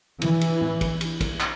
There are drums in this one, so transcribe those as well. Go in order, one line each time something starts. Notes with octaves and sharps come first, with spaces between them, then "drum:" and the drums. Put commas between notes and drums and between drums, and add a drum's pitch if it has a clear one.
E3, drum: cymbal
drum: cymbal
drum: tom A2
drum: kick, cymbal
drum: cymbal
drum: kick, cymbal
drum: clap